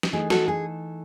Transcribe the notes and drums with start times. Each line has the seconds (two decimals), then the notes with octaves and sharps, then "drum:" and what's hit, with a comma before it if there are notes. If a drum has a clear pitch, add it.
0.03 drum: snare
0.12 E3 A3 D#4 G#4
0.30 F#4 A4, drum: snare
0.48 G#4